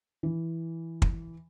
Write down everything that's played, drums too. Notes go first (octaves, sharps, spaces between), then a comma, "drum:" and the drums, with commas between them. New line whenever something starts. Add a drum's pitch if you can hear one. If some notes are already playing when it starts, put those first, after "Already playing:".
E3
drum: kick